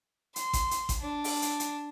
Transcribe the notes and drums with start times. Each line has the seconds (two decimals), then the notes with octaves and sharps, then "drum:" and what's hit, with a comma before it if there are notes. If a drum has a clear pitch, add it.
0.36 C6, drum: hi-hat
0.53 drum: kick A1, hi-hat
0.71 drum: hi-hat
0.89 drum: kick A1, hi-hat
1.01 D4
1.24 drum: open hi-hat
1.42 drum: hi-hat
1.60 drum: hi-hat